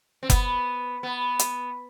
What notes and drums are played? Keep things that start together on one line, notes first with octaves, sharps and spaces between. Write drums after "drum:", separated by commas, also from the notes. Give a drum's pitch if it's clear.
C4
B3, drum: kick F#1, hi-hat
B3
drum: hi-hat